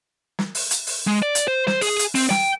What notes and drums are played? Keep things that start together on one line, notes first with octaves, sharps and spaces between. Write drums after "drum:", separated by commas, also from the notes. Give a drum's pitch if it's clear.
drum: snare
drum: open hi-hat
drum: hi-hat
drum: open hi-hat
G#3
D5
drum: hi-hat
C5
C5, drum: snare
G#4, drum: open hi-hat
drum: hi-hat
C4, drum: open hi-hat
G5, drum: snare